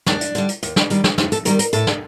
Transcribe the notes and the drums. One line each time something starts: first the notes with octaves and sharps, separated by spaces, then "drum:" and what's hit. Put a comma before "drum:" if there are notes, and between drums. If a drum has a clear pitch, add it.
D#2 D4, drum: snare
drum: hi-hat
D3 G3, drum: hi-hat
drum: hi-hat
D#2, drum: hi-hat
drum: snare
D#3 G3, drum: hi-hat
drum: snare
F2 D#4, drum: snare
A4, drum: hi-hat
D#3 G3 A#4, drum: hi-hat
A#4, drum: hi-hat
A2 A4, drum: hi-hat
drum: snare